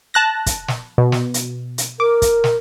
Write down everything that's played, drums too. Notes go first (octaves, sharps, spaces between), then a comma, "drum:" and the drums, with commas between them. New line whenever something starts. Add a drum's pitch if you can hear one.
A5 F#6 A#6
drum: kick, hi-hat
drum: snare
B2
drum: snare
drum: hi-hat
drum: hi-hat
A#4 D6
drum: kick, hi-hat
drum: snare